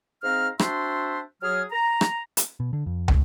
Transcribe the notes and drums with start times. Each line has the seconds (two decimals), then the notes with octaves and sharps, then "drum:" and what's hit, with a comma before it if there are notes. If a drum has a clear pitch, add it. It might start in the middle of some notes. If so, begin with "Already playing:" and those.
0.23 G#2 C4 F5 A#5 F6
0.59 C4 D4 F#4 C5 E5 C6, drum: rim click
1.41 F#3 G#4 F6
1.70 A#5
2.01 drum: rim click
2.37 drum: hi-hat
2.60 B2
2.73 D3
2.86 F2
3.08 F#1, drum: tom